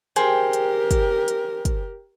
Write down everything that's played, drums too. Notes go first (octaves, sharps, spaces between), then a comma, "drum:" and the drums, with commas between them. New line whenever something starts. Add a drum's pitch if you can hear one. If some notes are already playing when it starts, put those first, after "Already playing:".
G4 G#4 A#4 C5 G5, drum: hi-hat
drum: hi-hat
drum: kick, hi-hat
drum: hi-hat
drum: kick, hi-hat